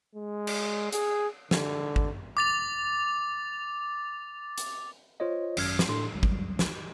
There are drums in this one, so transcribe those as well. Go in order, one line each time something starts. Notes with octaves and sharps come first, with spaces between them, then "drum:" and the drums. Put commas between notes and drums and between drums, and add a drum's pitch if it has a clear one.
G#3
drum: cymbal
G#4, drum: hi-hat
D3, drum: snare
drum: kick
D6 A6 F7
drum: hi-hat
F4 C5 C#5 D#5
G#1 F#2 E6 F6 G#6, drum: cymbal
drum: snare
A2 D4 A4 C6
G#1 C#2 F#3 G3
drum: kick
drum: snare